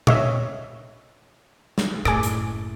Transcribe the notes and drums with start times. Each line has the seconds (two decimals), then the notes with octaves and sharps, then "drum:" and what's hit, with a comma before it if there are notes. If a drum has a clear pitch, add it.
0.07 C#5 D#5 E5, drum: tom A#2
1.78 drum: snare
2.05 F#1 A2 G#4 D6 A6, drum: rim click
2.23 drum: hi-hat